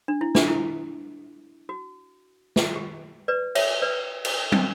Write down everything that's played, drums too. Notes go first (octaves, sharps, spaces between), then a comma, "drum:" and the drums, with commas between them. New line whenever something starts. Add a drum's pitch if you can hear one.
D4
E4
D4, drum: snare
E4
F#4
drum: snare
G4
B4 D5
C#5 E5, drum: cymbal
B4 D5
drum: cymbal
drum: tom